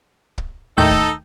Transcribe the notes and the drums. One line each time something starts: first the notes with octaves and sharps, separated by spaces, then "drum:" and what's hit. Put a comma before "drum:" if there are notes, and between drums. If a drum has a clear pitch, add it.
drum: kick
D#2 A2 D#4 A4 G5
drum: kick